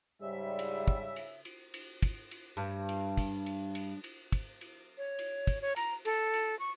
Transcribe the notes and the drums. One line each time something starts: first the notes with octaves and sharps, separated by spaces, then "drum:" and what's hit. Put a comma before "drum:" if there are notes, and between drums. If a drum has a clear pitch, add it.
G#2 C#3 G3 E5
drum: cymbal
drum: kick
drum: cymbal
drum: cymbal
drum: cymbal
drum: kick, cymbal
drum: cymbal
G2
drum: cymbal
drum: kick, cymbal
drum: cymbal
drum: cymbal
drum: cymbal
drum: kick, cymbal
drum: cymbal
C#5
drum: cymbal
drum: kick, cymbal
C#5
A#5, drum: cymbal
A4, drum: cymbal
drum: cymbal
C#6